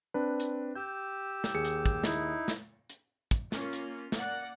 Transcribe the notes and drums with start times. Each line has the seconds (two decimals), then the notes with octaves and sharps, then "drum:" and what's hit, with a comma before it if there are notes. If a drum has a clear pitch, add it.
0.14 C4 D4 B4
0.40 drum: hi-hat
0.75 G4 E6 G6
1.44 drum: snare
1.54 D#2 G#4 C#7
1.65 drum: hi-hat
1.86 drum: kick
2.04 D#4 E4, drum: snare
2.48 drum: snare
2.90 drum: hi-hat
3.31 drum: kick, hi-hat
3.52 A#3 C#4 F4, drum: snare
3.73 drum: hi-hat
4.12 A#3 D5 F#5, drum: snare